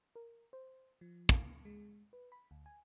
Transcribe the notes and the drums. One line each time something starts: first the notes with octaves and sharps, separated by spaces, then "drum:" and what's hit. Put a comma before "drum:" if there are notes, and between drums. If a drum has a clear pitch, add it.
A#4
C5
F3
F5, drum: kick
G#3
B4
B5
D2
G#5